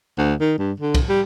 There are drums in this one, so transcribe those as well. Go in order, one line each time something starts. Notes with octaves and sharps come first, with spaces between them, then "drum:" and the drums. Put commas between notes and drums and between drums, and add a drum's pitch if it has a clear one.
D2
D#3
G2
D3
drum: kick, cymbal
G3